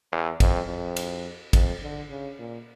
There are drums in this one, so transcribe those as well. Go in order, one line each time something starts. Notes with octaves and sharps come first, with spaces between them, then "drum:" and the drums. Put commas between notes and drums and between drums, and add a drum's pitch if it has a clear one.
E2
F2, drum: kick, cymbal
F2
drum: cymbal
F2, drum: kick, cymbal
D3
C#3
A#2